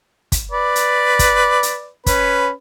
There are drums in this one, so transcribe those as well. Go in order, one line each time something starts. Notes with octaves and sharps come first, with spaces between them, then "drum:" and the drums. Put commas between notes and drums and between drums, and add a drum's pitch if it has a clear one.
drum: kick, hi-hat
B4 D5
drum: hi-hat
drum: kick, hi-hat
drum: hi-hat
C#4 B4, drum: kick, hi-hat